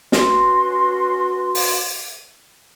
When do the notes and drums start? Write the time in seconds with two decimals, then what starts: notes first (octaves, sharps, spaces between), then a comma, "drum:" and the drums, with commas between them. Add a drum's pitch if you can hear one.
0.12 C#4 F#4 B4 C6, drum: snare
1.55 drum: open hi-hat